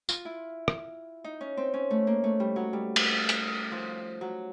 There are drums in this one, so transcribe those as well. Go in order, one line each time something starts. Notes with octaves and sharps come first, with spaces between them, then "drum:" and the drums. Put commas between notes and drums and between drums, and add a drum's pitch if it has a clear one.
F4, drum: tambourine
E4
drum: rim click
D#4
C#4
C4
C#4
A3
A#3
A3
G3
F#3
G3
drum: cymbal
drum: hi-hat
F3
F#3